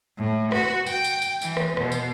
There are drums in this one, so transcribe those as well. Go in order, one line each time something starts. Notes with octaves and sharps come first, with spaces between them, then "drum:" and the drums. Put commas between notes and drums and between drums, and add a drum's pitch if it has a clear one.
A2
F#4, drum: rim click
G5, drum: tambourine
drum: tambourine
drum: tambourine
E3, drum: tambourine
drum: rim click
B2, drum: rim click
drum: tambourine